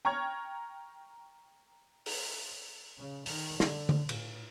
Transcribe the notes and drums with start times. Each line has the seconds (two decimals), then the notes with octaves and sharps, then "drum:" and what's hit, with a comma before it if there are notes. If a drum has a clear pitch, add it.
0.05 G5 A#5 C#6 F6 G#6
2.06 drum: open hi-hat
2.96 C#3
3.26 D#3, drum: open hi-hat
3.60 D3, drum: snare
3.89 drum: tom D3
4.09 A2, drum: cymbal